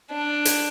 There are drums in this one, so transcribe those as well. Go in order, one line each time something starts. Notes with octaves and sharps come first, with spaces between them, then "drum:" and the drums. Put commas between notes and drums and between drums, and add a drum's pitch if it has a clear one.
D4
drum: hi-hat